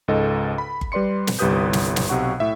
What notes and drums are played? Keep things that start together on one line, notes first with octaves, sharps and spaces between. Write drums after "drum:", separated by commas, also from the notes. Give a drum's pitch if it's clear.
C#2 G#2 A4 D#5
B5
drum: kick G1
G3 B4 D5 C6 C#7
drum: snare
G1 C2 G4 B4 D#6 G6
drum: snare
drum: snare
B1 C3 F#5 C#6
A2 E5